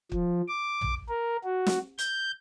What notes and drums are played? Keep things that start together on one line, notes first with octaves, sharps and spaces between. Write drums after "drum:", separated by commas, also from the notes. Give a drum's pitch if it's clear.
F3, drum: kick
D6
drum: tom
A#4
F#4
drum: snare
G6, drum: hi-hat